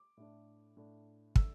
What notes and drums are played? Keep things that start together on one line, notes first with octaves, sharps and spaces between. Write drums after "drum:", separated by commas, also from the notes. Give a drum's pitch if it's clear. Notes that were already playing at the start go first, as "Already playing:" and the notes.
Already playing: D6
A2 A3 D4
A2 A3 D4
A2 A3 D4 E6, drum: kick